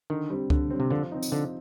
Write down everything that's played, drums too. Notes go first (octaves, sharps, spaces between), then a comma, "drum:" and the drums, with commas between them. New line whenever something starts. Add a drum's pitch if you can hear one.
D3 D#3
G3 C4
D3, drum: kick C#2
G3 C4
C3
D3 F3
C4 D#4
drum: tambourine
D3 F3